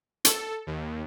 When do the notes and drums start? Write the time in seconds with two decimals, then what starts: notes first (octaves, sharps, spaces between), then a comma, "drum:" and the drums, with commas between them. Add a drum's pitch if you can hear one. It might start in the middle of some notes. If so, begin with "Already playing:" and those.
0.25 A4, drum: hi-hat
0.67 D#2